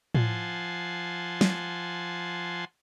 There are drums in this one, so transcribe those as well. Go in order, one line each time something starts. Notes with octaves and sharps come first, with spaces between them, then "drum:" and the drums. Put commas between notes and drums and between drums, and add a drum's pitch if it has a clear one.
F3 F#5 G#5 A5 C6, drum: tom A2
drum: snare